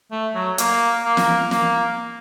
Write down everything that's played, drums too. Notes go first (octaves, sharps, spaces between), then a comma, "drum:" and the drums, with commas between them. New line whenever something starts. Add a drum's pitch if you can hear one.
A3
F#3
A#3, drum: hi-hat
A#3
drum: snare
A#3, drum: snare